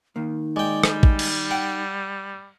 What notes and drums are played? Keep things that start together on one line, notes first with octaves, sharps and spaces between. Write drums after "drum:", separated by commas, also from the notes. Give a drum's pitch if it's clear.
D#3 A#3 D#4
G#3 D5 G5
G3, drum: rim click
drum: kick
drum: cymbal
F#5 G5